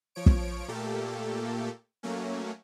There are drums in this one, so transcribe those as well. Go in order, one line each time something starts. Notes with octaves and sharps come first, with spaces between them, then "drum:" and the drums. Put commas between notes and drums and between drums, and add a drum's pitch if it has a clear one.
F3 C#5 D7
drum: kick
A#2 A3 A#3 G4 A4
F#3 A3 A#3 C#4